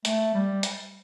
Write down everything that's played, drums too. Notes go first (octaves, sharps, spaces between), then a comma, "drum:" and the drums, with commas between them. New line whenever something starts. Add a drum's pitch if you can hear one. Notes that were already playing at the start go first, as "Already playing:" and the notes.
A3, drum: hi-hat
G3
drum: hi-hat